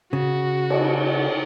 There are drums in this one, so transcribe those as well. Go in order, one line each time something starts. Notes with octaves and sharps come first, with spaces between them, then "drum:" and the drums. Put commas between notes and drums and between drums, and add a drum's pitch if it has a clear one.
C#3 F#4
drum: cymbal